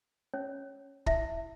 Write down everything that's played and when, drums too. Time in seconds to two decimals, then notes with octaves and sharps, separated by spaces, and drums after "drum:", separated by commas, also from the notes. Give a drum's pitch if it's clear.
0.34 C#4 C#5
1.06 E4 E5, drum: kick